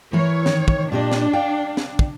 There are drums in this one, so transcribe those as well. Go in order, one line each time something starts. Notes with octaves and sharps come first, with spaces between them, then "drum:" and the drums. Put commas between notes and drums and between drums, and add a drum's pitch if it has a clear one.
E3 E4 A#4 C#5
D#3, drum: snare
drum: kick
A#2 D4 G4 D#5
drum: snare
F5 G5
drum: snare
drum: kick